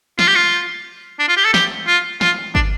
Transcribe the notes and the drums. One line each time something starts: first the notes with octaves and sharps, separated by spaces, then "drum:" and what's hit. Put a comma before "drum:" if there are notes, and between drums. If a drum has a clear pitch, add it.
F4, drum: snare
G4
F4
D4
F4
G4
A4
G4, drum: snare
F4
F4, drum: snare
D4, drum: kick